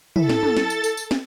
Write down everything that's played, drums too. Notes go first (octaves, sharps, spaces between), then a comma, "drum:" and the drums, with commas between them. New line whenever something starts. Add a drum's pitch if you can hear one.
E4 A4 A6, drum: tom
drum: snare
drum: tom
drum: snare
drum: tambourine
drum: tambourine
drum: tambourine
drum: snare